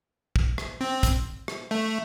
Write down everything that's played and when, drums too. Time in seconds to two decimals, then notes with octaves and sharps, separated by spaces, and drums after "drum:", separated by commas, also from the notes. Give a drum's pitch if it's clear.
0.36 drum: kick
0.58 drum: rim click
0.81 C4
1.03 drum: kick, hi-hat
1.48 drum: rim click
1.71 A3